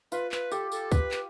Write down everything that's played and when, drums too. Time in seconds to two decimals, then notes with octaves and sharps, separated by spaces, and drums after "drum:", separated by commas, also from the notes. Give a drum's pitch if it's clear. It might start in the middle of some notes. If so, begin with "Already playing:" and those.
0.12 F4 B4, drum: tambourine
0.32 B4, drum: clap
0.51 G4 A4, drum: tambourine
0.72 A4, drum: tambourine
0.92 B4, drum: kick, tambourine
1.11 drum: clap